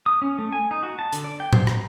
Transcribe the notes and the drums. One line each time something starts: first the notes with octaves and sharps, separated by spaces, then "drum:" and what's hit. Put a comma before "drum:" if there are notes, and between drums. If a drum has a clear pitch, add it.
D#6
C#4
A3
G#5
D#4
F#4
A5
D3, drum: hi-hat
D5
G5
C5, drum: tom A2
A#5, drum: rim click